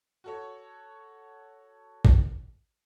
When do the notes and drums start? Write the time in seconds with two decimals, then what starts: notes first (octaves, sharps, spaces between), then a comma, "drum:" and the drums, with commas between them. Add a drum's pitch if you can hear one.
0.24 F#4 A4 C#5
2.05 drum: kick A1